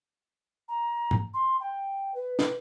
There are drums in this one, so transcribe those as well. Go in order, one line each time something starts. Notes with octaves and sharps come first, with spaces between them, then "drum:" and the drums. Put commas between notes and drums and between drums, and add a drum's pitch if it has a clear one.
A#5
drum: tom G#2
C6
G5
B4
drum: snare